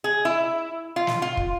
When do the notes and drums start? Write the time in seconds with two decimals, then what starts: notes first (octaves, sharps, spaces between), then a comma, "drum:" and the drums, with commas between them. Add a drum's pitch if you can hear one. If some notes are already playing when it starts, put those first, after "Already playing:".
0.04 G#4
0.25 E4
0.96 F4
1.07 drum: snare
1.22 F4
1.37 drum: kick